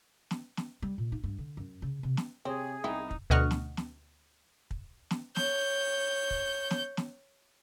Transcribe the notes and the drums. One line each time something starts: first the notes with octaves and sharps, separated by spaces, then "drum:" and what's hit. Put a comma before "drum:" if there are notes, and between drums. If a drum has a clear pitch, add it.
drum: snare
drum: snare
G3
A#2
D#4
G2
D3
F#2
C#3
C3
drum: snare
C3 C4 G#4 C#5
C2 B3 D#4 E4 G4
drum: kick
D2 B2 D#5 F#5 C#6 F6
drum: snare
drum: snare
drum: kick
drum: snare
C#5 G6, drum: snare
drum: kick
drum: snare
drum: snare